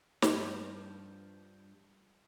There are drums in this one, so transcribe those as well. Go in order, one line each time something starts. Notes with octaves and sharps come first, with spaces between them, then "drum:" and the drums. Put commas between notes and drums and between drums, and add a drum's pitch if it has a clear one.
G2 F3, drum: snare